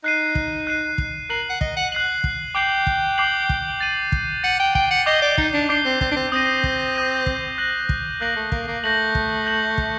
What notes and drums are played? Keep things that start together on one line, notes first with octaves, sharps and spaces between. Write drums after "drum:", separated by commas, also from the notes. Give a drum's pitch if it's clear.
D#4 F#6 C7 D#7
drum: kick
F#6 C7 D#7
drum: kick
A#4 F#6 C7 F#7
F#5
D#5, drum: kick
F#5
F#6 C7 F#7
drum: kick
G5 D6 G6 C7 F#7
drum: kick
D6 G6 C7 F#7
drum: kick
A6 D#7 F#7
drum: kick
F#5 A6 D#7 F#7
G5
G5, drum: kick
F#5
D#5 D6 G6 C7 G7
D5
D#4, drum: kick
D4
D4 D6 G6 C7 G7
C4
C4, drum: kick
D4
C4
C4 D#6 G6 A#6 D#7
drum: kick
D#6 G6 A#6 D#7
drum: kick
F#6 A#6 F#7
drum: kick
A#3 F#6 A#6 F#7
A3
A#3, drum: kick
A#3
A3 G6 A#6 F#7
drum: kick
G6 A#6 F#7
drum: kick